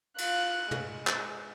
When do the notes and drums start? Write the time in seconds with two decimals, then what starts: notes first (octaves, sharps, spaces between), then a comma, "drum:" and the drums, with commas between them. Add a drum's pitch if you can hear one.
0.18 F4 F#6, drum: cymbal
0.71 G#3, drum: tom
1.07 drum: clap